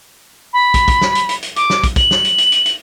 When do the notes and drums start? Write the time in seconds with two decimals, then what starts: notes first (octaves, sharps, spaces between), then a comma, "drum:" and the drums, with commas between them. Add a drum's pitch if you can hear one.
0.53 B5
0.74 drum: kick, hi-hat
0.88 drum: kick, hi-hat
1.01 drum: snare
1.15 drum: hi-hat
1.29 drum: hi-hat
1.43 drum: hi-hat
1.56 D6, drum: hi-hat
1.70 drum: snare
1.84 drum: kick, hi-hat
1.96 F#7, drum: kick, hi-hat
2.11 drum: snare
2.25 drum: hi-hat
2.38 drum: hi-hat
2.52 drum: hi-hat
2.66 drum: hi-hat